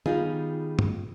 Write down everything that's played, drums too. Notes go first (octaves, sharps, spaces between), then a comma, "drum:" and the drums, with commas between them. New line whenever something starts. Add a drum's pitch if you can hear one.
D#3 G3 B3 D#4 F4 G#4, drum: tom
drum: tom